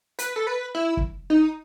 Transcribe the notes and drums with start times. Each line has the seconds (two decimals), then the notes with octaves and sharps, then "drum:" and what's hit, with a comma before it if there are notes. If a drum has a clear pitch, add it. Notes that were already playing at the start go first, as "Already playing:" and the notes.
0.19 B4, drum: hi-hat
0.36 A4
0.47 B4
0.75 E4
0.97 drum: kick
1.30 D#4